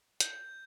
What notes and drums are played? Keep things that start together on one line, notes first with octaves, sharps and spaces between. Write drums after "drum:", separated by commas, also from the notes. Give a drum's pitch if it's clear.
G6, drum: hi-hat